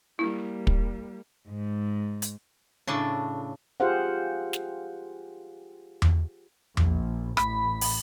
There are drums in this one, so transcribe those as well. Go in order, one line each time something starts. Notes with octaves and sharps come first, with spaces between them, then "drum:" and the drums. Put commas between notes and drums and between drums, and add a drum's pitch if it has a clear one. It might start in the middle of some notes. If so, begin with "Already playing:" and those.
G3 A#3 E4
drum: kick
G#2
drum: hi-hat
A2 C#3 D4 E5 A5
F4 G4 G#4 C5 F5 F#5
drum: snare
drum: tom E2
A#1, drum: tom E2
A1 B5, drum: rim click
drum: open hi-hat